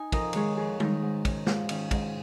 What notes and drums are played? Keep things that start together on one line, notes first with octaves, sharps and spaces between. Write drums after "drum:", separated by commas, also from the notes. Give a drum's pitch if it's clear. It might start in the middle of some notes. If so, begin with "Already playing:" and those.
Already playing: D#4 G#5
F2 A#4 D#5, drum: kick, cymbal
D#3 G#3 D#4 G#4 C#5, drum: cymbal
F2 G#4
D#3 G#3 D#4, drum: tom G3
G#2
D#3 C#4, drum: kick, cymbal
G#2 F4, drum: snare
D#3 C#4 F4, drum: cymbal
G#2, drum: kick, cymbal